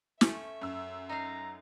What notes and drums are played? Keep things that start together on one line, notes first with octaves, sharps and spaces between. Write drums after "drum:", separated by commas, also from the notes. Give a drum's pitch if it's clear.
A3 C#4 E5, drum: snare
F#2 E6
D#4 F5 A#5